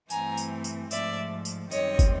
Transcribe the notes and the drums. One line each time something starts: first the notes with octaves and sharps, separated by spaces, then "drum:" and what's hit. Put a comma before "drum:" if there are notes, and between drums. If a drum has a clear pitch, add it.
G2 E3 A3 C4 G#5 A#5, drum: tambourine
drum: tambourine
drum: tambourine
G#2 F3 A3 D5 E5, drum: tambourine
drum: tambourine
F#2 D#3 G3 C4 C#5 D#5, drum: tambourine
drum: kick, tambourine